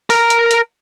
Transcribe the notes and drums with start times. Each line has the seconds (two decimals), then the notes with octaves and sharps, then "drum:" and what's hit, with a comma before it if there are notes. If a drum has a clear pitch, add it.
0.10 A#4 A#5, drum: open hi-hat
0.30 drum: hi-hat
0.51 drum: hi-hat